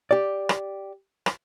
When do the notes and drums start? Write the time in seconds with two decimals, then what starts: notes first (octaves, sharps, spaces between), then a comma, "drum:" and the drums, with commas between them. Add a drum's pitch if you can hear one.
0.11 G4 D5
0.49 drum: rim click
1.26 drum: rim click